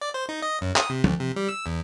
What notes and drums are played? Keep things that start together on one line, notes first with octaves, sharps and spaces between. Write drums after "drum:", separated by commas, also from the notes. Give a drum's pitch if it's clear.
D5
C5
D#4
D#5
F#2
D#6, drum: clap
C3
D2, drum: tom
C3
G3
E6
E2